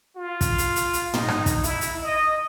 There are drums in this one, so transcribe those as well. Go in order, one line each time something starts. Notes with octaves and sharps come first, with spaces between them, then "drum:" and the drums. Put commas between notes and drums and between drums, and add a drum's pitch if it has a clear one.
F4
drum: kick, hi-hat
drum: hi-hat
drum: hi-hat
drum: hi-hat
D#4, drum: tom
drum: rim click
drum: kick, hi-hat
E4, drum: hi-hat
drum: hi-hat
D#5